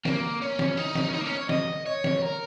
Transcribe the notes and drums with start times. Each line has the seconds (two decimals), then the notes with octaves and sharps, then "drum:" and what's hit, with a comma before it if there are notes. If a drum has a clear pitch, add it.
0.05 A#3, drum: snare
0.42 C#4
0.59 drum: snare
0.77 D#4
0.95 drum: snare
1.09 C#4
1.14 D#4
1.21 A#3
1.26 C#4
1.37 C#5
1.49 D#5, drum: snare
1.86 C#5
2.04 drum: snare
2.22 A#4